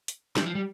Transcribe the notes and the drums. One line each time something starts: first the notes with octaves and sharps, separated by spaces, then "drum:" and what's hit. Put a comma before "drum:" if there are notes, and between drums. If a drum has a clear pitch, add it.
drum: hi-hat
G3, drum: snare
E3
F3
G3